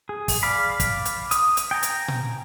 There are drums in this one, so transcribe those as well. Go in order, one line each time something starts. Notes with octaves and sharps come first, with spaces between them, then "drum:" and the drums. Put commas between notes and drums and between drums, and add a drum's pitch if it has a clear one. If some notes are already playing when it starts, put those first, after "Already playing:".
G#4
drum: kick, open hi-hat
D5 F5 B5
drum: kick, hi-hat
drum: hi-hat
D#6, drum: hi-hat
drum: hi-hat
G5 G#5 A#5
drum: hi-hat
drum: tom A#2